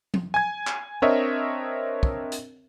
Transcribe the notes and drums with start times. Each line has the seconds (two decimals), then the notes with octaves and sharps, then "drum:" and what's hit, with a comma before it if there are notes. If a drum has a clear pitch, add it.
0.14 drum: tom
0.34 G#5 G#6
0.67 drum: clap
1.02 C4 D4 A#4 C#5 D#5 E5
2.03 drum: kick
2.32 drum: hi-hat